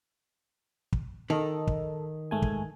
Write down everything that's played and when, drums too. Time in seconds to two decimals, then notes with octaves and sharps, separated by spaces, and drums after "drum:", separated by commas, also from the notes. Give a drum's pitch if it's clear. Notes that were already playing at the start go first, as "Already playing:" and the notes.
0.93 drum: kick
1.30 D#3 A4 D#5
1.67 drum: kick
2.31 G#2 A3 G#5
2.42 drum: kick